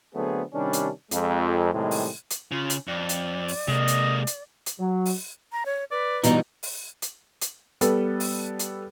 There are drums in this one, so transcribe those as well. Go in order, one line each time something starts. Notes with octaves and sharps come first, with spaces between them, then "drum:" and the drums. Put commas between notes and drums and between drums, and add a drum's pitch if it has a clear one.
D3 F#3 A3 B3 C4 G#4
C3 D#3 G3 C#4 D4
drum: hi-hat
F2 G#3, drum: hi-hat
A2 C3 D#3 G3 G#3
drum: open hi-hat
drum: hi-hat
C#3 F4
drum: hi-hat
F2 D5
drum: hi-hat
drum: open hi-hat
C3 G#3 A#3 D#5
drum: hi-hat
drum: hi-hat
drum: hi-hat
F#3
drum: open hi-hat
A#5
C#5
B4 D5
B2 E3 G3 D#4 A#5, drum: hi-hat
drum: open hi-hat
drum: hi-hat
drum: hi-hat
G3 B3 A4 B4, drum: hi-hat
drum: open hi-hat
drum: hi-hat